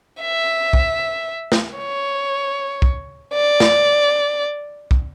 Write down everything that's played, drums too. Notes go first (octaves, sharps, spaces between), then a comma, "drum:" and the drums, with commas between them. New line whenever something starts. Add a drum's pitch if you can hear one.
E5
drum: kick
drum: snare
C#5
drum: kick
D5
drum: snare
drum: kick